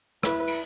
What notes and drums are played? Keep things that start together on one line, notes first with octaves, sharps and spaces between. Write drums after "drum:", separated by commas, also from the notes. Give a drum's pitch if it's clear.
E4 B4, drum: rim click
drum: cymbal